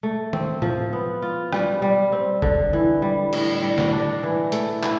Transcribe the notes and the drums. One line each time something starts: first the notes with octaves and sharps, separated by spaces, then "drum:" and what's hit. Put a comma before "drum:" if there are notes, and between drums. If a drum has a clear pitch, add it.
A3
C4, drum: tom
F3, drum: tom A2
B3
F4
G3, drum: rim click
G3
C4
D3, drum: kick F#1
E3
G3
A2, drum: cymbal
G3
drum: snare
D4
E3
A3, drum: hi-hat
E4, drum: clap